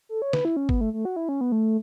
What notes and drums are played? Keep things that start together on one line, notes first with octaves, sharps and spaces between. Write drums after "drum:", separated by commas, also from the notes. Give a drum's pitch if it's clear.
A4
C#5
B4, drum: snare
E4
C#4
B3, drum: kick
A3
A3
F#4
E4
C#4
B3
A3